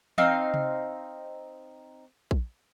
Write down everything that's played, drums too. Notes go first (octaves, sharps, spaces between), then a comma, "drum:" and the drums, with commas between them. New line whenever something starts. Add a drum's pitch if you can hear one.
C4 D#4 F5, drum: tom E3
drum: tom C3
drum: kick A#1